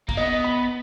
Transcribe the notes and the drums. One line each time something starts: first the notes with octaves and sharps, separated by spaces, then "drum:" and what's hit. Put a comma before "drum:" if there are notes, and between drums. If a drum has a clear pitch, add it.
A#3, drum: kick
B3 D#5
B5